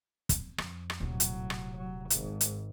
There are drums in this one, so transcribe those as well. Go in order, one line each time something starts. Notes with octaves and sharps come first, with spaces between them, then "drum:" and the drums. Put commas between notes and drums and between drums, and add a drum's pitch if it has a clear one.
drum: kick, hi-hat
F2, drum: rim click
drum: rim click
D#1 A2 C3 F#3
drum: hi-hat
drum: rim click
F#3
G#1 G#2, drum: hi-hat
drum: hi-hat